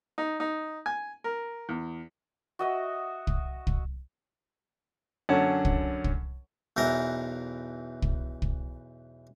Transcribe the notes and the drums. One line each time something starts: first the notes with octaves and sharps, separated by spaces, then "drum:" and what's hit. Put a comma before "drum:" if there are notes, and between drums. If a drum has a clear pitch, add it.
D#4
D#4
G#5
A#4
E2
F#4 D#5 E5
drum: kick
drum: kick
F#2 D3 C#4 C#5 F#5 A5
drum: kick
drum: kick
B1 E2 E3 A#4
drum: kick
drum: kick